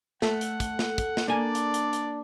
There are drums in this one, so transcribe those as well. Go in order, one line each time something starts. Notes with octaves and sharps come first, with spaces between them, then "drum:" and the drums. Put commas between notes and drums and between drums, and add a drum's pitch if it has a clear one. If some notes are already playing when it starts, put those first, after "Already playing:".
A3 A4 F#5, drum: snare
drum: hi-hat
drum: kick, hi-hat
drum: snare
drum: kick, hi-hat
drum: snare
A#3 D4 D5 G#5
drum: hi-hat
drum: hi-hat
drum: hi-hat